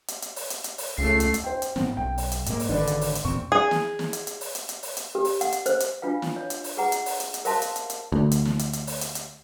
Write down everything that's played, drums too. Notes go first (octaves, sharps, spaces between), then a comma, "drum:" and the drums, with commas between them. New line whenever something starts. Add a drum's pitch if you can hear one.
drum: hi-hat
drum: hi-hat
drum: open hi-hat
drum: hi-hat
drum: hi-hat
drum: open hi-hat
C#2 A3 C7
drum: hi-hat
drum: hi-hat
C5 G5
drum: hi-hat
G#2 B3 C4, drum: snare
B1 G5
drum: open hi-hat
drum: hi-hat
G#2 A#3, drum: hi-hat
drum: open hi-hat
G#1 D3 D4 B4
drum: hi-hat
drum: open hi-hat
drum: hi-hat
E2 A#2 C4 C#6
G#4
drum: snare
drum: snare
drum: hi-hat
drum: hi-hat
drum: open hi-hat
drum: hi-hat
drum: hi-hat
drum: open hi-hat
drum: hi-hat
G4
drum: open hi-hat
F#5, drum: hi-hat
drum: hi-hat
C5, drum: hi-hat
drum: hi-hat
D4 F4 B4 F5
drum: snare
C#5
drum: hi-hat
drum: open hi-hat
G#4 B4 F#5 A#5
drum: hi-hat
drum: open hi-hat
drum: hi-hat
drum: hi-hat
A#4 C5 E5 F5 A5 C6, drum: open hi-hat
drum: hi-hat
drum: hi-hat
drum: hi-hat
D2
drum: hi-hat
drum: snare
drum: hi-hat
drum: hi-hat
drum: open hi-hat
drum: hi-hat
drum: hi-hat